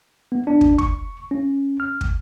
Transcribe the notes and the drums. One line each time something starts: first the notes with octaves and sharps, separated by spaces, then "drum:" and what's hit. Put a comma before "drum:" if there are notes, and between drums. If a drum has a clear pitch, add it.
B3
D4
drum: kick
C#6, drum: kick
C#4
F6
drum: kick